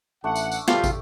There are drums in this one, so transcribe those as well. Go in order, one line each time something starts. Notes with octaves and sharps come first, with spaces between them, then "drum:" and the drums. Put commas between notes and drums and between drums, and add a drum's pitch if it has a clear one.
A1 A3 D4 F#5
drum: tambourine
drum: tambourine
G3 F4 G4 A4, drum: snare
drum: kick, tambourine